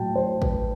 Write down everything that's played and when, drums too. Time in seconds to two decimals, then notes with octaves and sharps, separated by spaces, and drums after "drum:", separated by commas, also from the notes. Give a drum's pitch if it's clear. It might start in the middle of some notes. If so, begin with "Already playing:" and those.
Already playing: A2 F#3 G5 A5
0.15 F#3 C5
0.42 F#3 B4, drum: kick A1